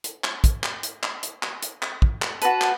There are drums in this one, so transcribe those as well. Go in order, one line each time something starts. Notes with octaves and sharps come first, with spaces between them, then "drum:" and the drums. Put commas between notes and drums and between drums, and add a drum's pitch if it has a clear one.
drum: hi-hat
drum: clap
drum: kick, hi-hat
drum: clap
drum: hi-hat
drum: clap
drum: hi-hat
drum: clap
drum: hi-hat
drum: clap
drum: kick
drum: clap
F#4 B4 A5, drum: hi-hat
drum: clap